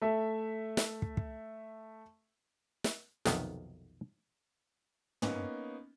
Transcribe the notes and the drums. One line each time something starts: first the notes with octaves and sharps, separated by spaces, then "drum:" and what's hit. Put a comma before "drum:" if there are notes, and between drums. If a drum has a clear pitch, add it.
A3 E5
drum: snare
drum: kick
drum: kick
drum: snare
B1 F2 C3 D#3 B3, drum: snare
A#3 B3 C#4 D#4, drum: tom